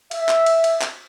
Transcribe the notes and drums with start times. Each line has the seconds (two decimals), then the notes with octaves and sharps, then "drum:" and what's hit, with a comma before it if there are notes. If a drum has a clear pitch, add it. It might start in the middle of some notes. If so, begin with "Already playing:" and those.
0.11 E5, drum: cymbal
0.29 drum: clap
0.46 drum: cymbal
0.64 drum: cymbal
0.82 drum: clap